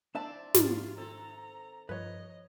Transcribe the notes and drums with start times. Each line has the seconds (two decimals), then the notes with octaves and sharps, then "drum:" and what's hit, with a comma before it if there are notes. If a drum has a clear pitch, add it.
0.15 C4 D4 E4 D5 E5 A5
0.54 G#2 F3 F4 A6, drum: snare
0.97 D#3 C4 A4 A#5
1.89 G2 F3 B4 C#5 D#5